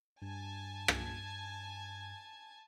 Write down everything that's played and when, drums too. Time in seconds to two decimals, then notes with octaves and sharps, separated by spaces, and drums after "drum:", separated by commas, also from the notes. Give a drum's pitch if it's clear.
0.22 G2 G#5 A5 G#6
0.88 drum: rim click